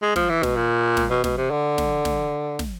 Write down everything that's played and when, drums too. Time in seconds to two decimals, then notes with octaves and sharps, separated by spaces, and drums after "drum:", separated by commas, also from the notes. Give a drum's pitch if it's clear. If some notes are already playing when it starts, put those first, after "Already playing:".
0.02 G#3
0.16 F3, drum: snare
0.29 E3
0.43 B2, drum: snare
0.56 A#2
0.97 drum: snare
1.10 B2
1.24 B2, drum: snare
1.37 C3
1.51 D3
1.78 drum: snare
2.05 drum: snare
2.59 drum: snare